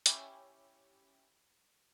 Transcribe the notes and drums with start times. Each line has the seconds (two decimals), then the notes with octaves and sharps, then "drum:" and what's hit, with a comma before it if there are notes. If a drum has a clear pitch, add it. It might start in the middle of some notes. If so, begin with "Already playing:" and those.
0.06 C#4 E4 G4, drum: hi-hat